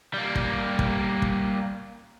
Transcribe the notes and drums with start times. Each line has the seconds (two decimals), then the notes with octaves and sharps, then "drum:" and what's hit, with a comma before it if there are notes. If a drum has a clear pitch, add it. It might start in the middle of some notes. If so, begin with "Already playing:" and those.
0.14 G3 A#3
0.36 drum: kick
0.79 drum: kick
1.22 drum: kick